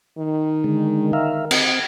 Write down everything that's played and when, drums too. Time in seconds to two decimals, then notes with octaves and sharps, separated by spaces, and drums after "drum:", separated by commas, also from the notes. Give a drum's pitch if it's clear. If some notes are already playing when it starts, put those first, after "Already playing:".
0.19 D#3
0.64 D3 G#3
1.13 A#4 E5 F5
1.51 C4, drum: cymbal